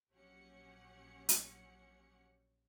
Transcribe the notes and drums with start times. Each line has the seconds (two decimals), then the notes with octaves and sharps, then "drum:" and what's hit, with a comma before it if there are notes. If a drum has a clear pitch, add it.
0.12 A#1 F#3 C#4 G4 F#5 C#7
1.29 drum: hi-hat